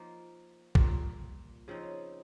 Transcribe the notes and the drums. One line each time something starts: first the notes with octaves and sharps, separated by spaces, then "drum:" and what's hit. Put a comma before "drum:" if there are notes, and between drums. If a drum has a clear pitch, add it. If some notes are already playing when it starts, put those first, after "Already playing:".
Already playing: F3 A#3 D#4
A#2 G3 A#3 F4, drum: kick
C#3 F3 C4 D#4